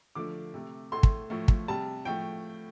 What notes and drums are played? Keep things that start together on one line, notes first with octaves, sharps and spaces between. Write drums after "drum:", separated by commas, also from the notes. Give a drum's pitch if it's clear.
D3 F3 A3 D6
C3 A3
A2 A3 C6
drum: kick
A2 F3 A3
drum: kick
C3 G3 A5
A2 F3 A3 G5